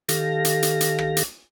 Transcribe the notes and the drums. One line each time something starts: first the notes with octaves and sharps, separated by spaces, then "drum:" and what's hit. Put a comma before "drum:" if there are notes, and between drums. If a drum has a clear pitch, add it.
D#3 G4 A4 F5 A#6, drum: hi-hat
drum: hi-hat
drum: hi-hat
drum: hi-hat
drum: rim click
drum: hi-hat